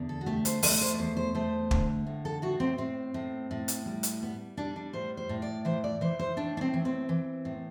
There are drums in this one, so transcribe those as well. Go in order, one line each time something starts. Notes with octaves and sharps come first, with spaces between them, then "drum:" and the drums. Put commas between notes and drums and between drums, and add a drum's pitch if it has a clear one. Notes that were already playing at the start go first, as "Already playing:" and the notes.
Already playing: E2 D3
A4
F#4
A3 G4
C5, drum: hi-hat
A3 D5, drum: open hi-hat
C5
D5
E2 C5
C5
A3 C5
D3, drum: kick
A2
A4
A2 F#4
C4
A2 C4
A2
A2
drum: hi-hat
G3
drum: hi-hat
G3 B3
G3 D4
D4
A2 C5
C5
A2
D5
E3 C5
D5
E3 C5
C5
A2 D4
D4
C4
E3
C4
E3
A2